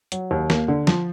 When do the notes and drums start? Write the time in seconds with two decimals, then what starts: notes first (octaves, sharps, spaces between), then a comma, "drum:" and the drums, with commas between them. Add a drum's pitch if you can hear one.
0.12 F#3, drum: hi-hat
0.31 D#2
0.50 A#3, drum: snare
0.68 D3
0.87 F3, drum: snare